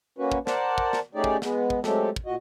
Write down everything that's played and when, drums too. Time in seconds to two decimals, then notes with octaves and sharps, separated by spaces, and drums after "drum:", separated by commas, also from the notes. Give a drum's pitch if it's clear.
0.18 A#3 C#4 F#4 B4
0.32 drum: kick
0.47 A#4 C5 D5 F#5 A5, drum: snare
0.78 drum: kick
0.93 drum: snare
1.15 A3 C#4 D#4 G4 G#4 D5
1.24 drum: kick
1.42 G#3 B3, drum: snare
1.70 drum: kick
1.84 F#3 G#3 A3 C4 G4 A4, drum: snare
2.16 drum: kick
2.26 A#2 F#4 D#5